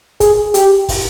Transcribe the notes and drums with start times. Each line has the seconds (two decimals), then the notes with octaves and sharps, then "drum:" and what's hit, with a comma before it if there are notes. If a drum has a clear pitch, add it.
0.20 G#4, drum: kick, hi-hat
0.54 G4, drum: hi-hat
0.89 drum: kick, open hi-hat